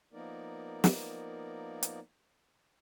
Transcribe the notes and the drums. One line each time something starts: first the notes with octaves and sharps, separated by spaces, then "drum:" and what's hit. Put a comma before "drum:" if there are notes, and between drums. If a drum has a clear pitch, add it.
F3 A#3 B3 D#4 A#4 D5
drum: snare
drum: hi-hat